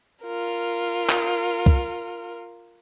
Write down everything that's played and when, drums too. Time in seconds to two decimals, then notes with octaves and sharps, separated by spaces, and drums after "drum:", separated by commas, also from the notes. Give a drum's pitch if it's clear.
0.23 F4 A#4
1.09 drum: clap
1.66 drum: kick C2